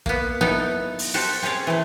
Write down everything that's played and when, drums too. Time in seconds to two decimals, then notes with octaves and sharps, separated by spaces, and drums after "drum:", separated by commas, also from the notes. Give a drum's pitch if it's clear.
0.06 A#3 B3, drum: kick
0.41 F#3 B3 D#4 E4 A4
0.99 drum: open hi-hat
1.14 F#4 G4 A4 C5
1.42 C4 C#4 G#4 C#5 D5
1.67 E3 A3